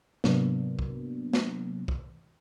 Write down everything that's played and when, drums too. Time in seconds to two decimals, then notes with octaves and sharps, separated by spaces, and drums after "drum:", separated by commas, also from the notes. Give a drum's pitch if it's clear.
0.24 G#2 C3 F#3 A#3 B3 D4, drum: snare
0.79 drum: kick
1.33 drum: snare
1.88 drum: kick